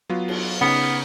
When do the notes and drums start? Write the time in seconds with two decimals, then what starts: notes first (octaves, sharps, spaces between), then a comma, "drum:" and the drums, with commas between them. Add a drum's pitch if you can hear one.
0.10 F#3 B3 F4
0.28 drum: cymbal
0.61 C#3 B3 C#4 D#4